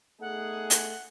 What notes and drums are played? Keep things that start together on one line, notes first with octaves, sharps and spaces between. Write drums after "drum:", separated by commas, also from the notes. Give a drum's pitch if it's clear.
A3 B3 D#4 G#4 F#5
drum: hi-hat